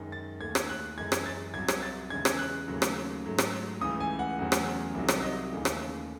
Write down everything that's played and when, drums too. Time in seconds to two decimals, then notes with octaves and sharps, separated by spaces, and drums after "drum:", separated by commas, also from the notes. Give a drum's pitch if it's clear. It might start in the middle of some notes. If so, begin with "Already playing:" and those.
Already playing: F#2 D#3 G#3
0.12 A6
0.40 D#2 D#3 A3 G#6
0.55 drum: rim click
0.70 F#6
0.98 F#2 E3 G#3 G#6
1.12 drum: rim click
1.26 A6
1.54 C2 C3 F#3 G#6
1.68 drum: rim click
1.83 A6
2.10 E2 C#3 G#3 G#6
2.25 drum: rim click
2.39 F#6
2.68 D#2 C#3 F#3 A3
2.82 drum: rim click
3.25 G#2 F#3 A3
3.38 drum: rim click
3.81 C#2 C#3 E3 A3 D#6
4.00 G#5
4.19 F#5
4.38 E2 C#3 F#3 A3
4.52 drum: rim click
4.95 C2 C3 D#3 F#3
5.08 drum: rim click
5.23 D#5
5.51 D#2 C#3 E3 A3
5.65 drum: rim click